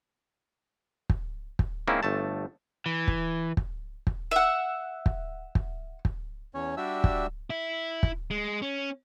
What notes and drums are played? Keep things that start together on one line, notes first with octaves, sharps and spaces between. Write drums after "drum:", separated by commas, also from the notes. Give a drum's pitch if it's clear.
drum: kick
drum: kick
G#2 A#3 C4 C#4 E4
G1 A3 A5
E3
drum: kick
drum: kick
drum: kick
E5 F#5
drum: kick
drum: kick
drum: kick
E2 C#4 C#5
G3 D4 F#4 G4 E5 E6
drum: kick
E4
drum: kick
G#3
C#4